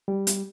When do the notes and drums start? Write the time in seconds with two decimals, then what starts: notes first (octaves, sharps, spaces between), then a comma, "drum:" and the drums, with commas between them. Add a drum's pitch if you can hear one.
0.08 G3
0.27 drum: hi-hat